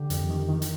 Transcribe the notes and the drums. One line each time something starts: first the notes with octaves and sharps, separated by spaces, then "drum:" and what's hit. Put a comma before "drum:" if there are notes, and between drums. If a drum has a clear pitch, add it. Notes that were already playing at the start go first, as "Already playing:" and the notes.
Already playing: D3 G4
F2, drum: hi-hat
D#3
D#3
drum: hi-hat